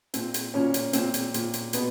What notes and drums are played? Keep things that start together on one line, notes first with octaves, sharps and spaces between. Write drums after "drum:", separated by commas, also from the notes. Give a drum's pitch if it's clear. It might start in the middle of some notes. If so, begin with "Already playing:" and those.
A#2 C4, drum: hi-hat
drum: hi-hat
A#2 C#4
drum: hi-hat
A#2 C4, drum: hi-hat
drum: hi-hat
A#2, drum: hi-hat
drum: hi-hat
B2 B3, drum: hi-hat